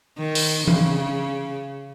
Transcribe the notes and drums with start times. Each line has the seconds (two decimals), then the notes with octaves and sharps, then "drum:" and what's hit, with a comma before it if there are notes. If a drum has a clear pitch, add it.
0.18 D#3
0.35 drum: open hi-hat
0.68 C#3, drum: tom E3